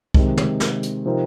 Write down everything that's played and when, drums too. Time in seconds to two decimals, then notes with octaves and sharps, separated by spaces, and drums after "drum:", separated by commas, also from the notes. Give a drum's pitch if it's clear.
0.14 C3 D#3 G#3, drum: kick C2
0.37 drum: tom
0.60 drum: snare
0.83 drum: hi-hat
1.06 C3 F3 C4 D#4 A#4